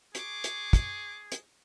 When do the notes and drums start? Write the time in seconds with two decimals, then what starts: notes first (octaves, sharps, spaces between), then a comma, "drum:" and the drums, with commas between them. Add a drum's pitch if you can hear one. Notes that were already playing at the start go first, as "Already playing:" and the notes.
0.15 G#4 C#6 D6, drum: hi-hat
0.44 drum: hi-hat
0.73 drum: kick, hi-hat
1.32 drum: hi-hat